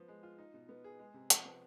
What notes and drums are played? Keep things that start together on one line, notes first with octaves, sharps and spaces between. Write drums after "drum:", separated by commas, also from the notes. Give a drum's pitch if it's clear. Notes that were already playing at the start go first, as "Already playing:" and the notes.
Already playing: F3 B3
G#3
F4
D#4
B2
B3
G#4
G#3
C3
F3, drum: hi-hat
B3